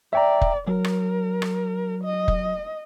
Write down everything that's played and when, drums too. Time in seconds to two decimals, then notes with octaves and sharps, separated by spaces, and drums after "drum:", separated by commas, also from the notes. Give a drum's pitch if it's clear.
0.13 D5 E5 G5 A#5
0.41 drum: kick F1
0.67 F#3 A#4
0.84 drum: rim click
1.42 drum: rim click
2.04 D#5
2.28 drum: kick F1